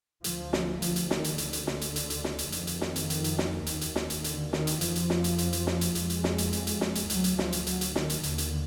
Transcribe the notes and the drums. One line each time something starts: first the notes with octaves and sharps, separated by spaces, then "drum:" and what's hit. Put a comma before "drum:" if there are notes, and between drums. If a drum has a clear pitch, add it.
D2 F3, drum: hi-hat
drum: snare
F3, drum: hi-hat
drum: hi-hat
D#3, drum: snare
drum: hi-hat
D2 D3, drum: hi-hat
drum: hi-hat
drum: snare
drum: hi-hat
drum: hi-hat
drum: hi-hat
drum: snare
drum: hi-hat
F2 D#3, drum: hi-hat
drum: hi-hat
drum: snare
drum: hi-hat
drum: hi-hat
drum: hi-hat
drum: snare
D#2, drum: hi-hat
drum: hi-hat
drum: snare
drum: hi-hat
D3, drum: hi-hat
D#3, drum: snare
drum: hi-hat
F2 F3, drum: hi-hat
drum: hi-hat
drum: snare
drum: hi-hat
drum: hi-hat
drum: hi-hat
drum: snare
drum: hi-hat
F2 G#3, drum: hi-hat
drum: hi-hat
drum: snare
drum: hi-hat
drum: hi-hat
drum: hi-hat
drum: snare
drum: hi-hat
D2 F#3, drum: hi-hat
drum: hi-hat
F3, drum: snare
drum: hi-hat
F#3, drum: hi-hat
drum: hi-hat
D#3, drum: snare
drum: hi-hat
D#2 D3, drum: hi-hat
drum: hi-hat